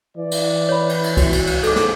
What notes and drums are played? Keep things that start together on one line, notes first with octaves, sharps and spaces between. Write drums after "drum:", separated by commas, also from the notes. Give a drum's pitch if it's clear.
E3 D5
drum: cymbal
C#5 B5
drum: cymbal
drum: cymbal
F#4 C#5, drum: kick, cymbal
drum: cymbal
drum: cymbal
G#2 A4 D6, drum: cymbal
drum: snare